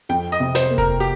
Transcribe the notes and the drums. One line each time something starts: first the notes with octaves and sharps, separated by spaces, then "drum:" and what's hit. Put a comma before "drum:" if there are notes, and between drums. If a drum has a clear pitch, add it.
F2 G5, drum: hi-hat
D#5, drum: hi-hat
C3
C5, drum: snare
A#3
A#4, drum: kick F1, hi-hat
G4, drum: hi-hat